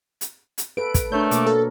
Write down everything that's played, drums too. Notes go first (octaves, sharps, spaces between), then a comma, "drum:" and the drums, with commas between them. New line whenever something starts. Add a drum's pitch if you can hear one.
drum: hi-hat
drum: hi-hat
A4 B4 D7
drum: kick, hi-hat
A3 D4 A#4 C#5 G6
B2 A#3 D6, drum: hi-hat
A4